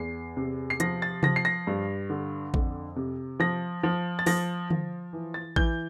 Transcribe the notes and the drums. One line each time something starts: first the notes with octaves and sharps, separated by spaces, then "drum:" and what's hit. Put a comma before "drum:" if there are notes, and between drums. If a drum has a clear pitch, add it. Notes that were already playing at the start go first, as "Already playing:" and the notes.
Already playing: E2 C7
C3
C7
F3 A#6, drum: hi-hat
A6
F3 A#6, drum: tom C3
C7
A#6
G2
D3
F2, drum: kick A1
C3
F3 A#6
F3
A6
F3 A#6, drum: open hi-hat
F3, drum: tom D3
E3
A6
E3 G6, drum: kick A1